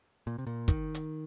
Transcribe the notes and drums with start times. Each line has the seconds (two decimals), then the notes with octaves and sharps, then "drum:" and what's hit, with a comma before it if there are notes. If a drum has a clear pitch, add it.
0.27 A#2
0.38 C3
0.47 A#2
0.68 D#3, drum: kick, hi-hat
0.94 drum: hi-hat